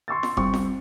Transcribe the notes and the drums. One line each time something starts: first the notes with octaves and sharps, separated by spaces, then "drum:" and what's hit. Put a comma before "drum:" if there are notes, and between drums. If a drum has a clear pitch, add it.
C6 C#6 E6 A6
drum: snare F4
C2 C4 C#6, drum: kick F1
drum: snare F4